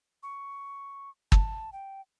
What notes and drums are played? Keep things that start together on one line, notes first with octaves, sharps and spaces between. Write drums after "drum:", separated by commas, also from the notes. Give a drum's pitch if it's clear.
C#6
A5, drum: kick
G5